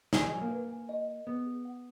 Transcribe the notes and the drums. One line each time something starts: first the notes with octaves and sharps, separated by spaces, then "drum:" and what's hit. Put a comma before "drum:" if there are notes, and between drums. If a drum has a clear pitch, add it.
E3 G#5, drum: snare
G#3
F#3 G#5
A#3
B4
G#5
D#5
D#5
B3 G#4
G#4
F#5